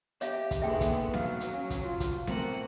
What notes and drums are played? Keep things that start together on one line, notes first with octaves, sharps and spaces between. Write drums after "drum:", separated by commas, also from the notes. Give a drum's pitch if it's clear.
G4 C#5 E5 F5, drum: hi-hat
drum: kick, hi-hat
D#2 D3 B3 G#4 E5 G5
drum: kick, hi-hat
F#3 F5, drum: snare B3
drum: hi-hat
C#4
drum: kick, hi-hat
F4
drum: kick, hi-hat
A3 A#3 C4 F#5, drum: snare B3